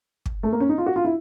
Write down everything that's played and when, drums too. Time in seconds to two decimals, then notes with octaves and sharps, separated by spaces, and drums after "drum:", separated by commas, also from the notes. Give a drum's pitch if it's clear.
0.26 drum: kick
0.43 A3
0.52 A#3
0.60 C#4
0.69 D#4
0.78 F4
0.86 F#4
0.96 F4
1.05 E4